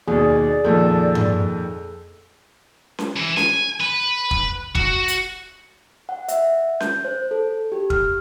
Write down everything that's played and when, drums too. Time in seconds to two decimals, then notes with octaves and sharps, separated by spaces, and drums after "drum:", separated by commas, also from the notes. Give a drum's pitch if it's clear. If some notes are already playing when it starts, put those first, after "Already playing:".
0.08 D#2 B2 G#4 D5
0.65 F2 A#2 D#3 A4
1.15 drum: tom G2
2.98 drum: snare C#4
3.16 E3
3.37 G#5, drum: snare C#4
3.80 B4
4.31 drum: kick
4.75 F#4, drum: kick
5.08 drum: hi-hat
6.09 F#5
6.28 E5, drum: hi-hat
6.80 G6, drum: snare C#4
7.05 C5
7.31 A4
7.72 G4
7.90 F6, drum: kick